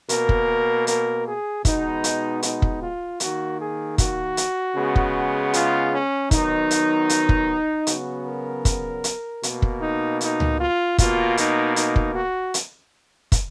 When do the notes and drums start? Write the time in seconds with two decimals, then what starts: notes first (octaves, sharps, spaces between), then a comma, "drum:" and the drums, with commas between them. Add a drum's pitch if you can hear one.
0.09 B2 A#3 A#4, drum: hi-hat
0.29 drum: kick
0.87 A#4, drum: hi-hat
1.27 G#4
1.65 B2 G#3 B3 D#4, drum: kick, hi-hat
2.04 drum: hi-hat
2.43 D#4, drum: hi-hat
2.62 drum: kick
2.81 F4
3.20 D#3 A#3 F#4, drum: hi-hat
3.59 G#4
3.98 F#4, drum: kick, hi-hat
4.37 drum: hi-hat
4.76 C#3 G#3 B3
4.96 drum: kick
5.54 F4, drum: hi-hat
5.93 C#4
6.31 D#3 F#3 B3 D#4, drum: kick, hi-hat
6.71 drum: hi-hat
7.09 drum: hi-hat
7.29 drum: kick
7.87 C#3 F#3 B3 F#4, drum: hi-hat
8.26 A#4
8.65 drum: kick, hi-hat
9.04 drum: hi-hat
9.43 B2 A#3, drum: hi-hat
9.62 drum: kick
9.81 D#4
10.21 D#4, drum: hi-hat
10.40 drum: tom C#2
10.60 F4
10.98 B2 A#3 F4, drum: kick, hi-hat
11.37 D#4, drum: hi-hat
11.76 D#4, drum: hi-hat
11.96 drum: kick
12.15 F#4
12.54 drum: hi-hat
13.32 drum: kick, hi-hat